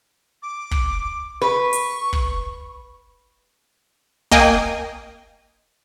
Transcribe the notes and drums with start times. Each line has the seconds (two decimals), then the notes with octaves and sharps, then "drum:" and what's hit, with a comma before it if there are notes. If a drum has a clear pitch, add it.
0.42 D6
0.71 drum: kick
1.42 B4 C#6
1.73 drum: hi-hat
2.13 drum: kick
4.32 A#3 D#5 G5 G#5, drum: kick